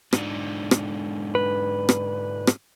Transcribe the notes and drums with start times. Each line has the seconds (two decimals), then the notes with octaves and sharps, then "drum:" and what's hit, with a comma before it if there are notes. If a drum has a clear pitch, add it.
0.13 G#2 D3, drum: rim click
0.71 drum: rim click
1.35 B4
1.89 drum: rim click
2.47 drum: rim click